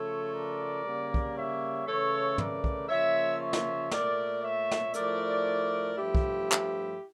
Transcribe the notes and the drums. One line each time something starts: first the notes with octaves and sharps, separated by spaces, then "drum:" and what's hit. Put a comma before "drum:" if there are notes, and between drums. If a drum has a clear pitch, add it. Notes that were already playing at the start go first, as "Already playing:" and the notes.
Already playing: C#3 F3 A3 A4 C#5
A#4 D5
C#3 G3 A#3
drum: kick
C#5 E5
C#3 E3 A3 A4 C#5
A#4 D5, drum: tom
drum: kick
C#3 F3 A#3 C#5 E5
C#5 E5
drum: snare
A#2 A3 A#4 D5, drum: snare
C#5 E5
drum: snare
A2 F3 A3 A#4 D5, drum: hi-hat
G2 F3 A3 E4 G4
drum: kick
drum: clap